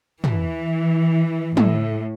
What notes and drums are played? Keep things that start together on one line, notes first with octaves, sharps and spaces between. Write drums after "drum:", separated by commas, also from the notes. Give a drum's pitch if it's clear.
E3, drum: tom
A2, drum: tom